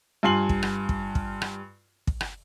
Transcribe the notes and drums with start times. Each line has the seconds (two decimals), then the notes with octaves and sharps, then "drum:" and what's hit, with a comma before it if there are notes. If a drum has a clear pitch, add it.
0.23 G2 F4 G#5 C6 C7 F#7
0.49 drum: kick
0.63 drum: rim click
0.89 drum: kick
1.15 drum: kick
1.42 drum: rim click
2.07 drum: kick
2.21 drum: rim click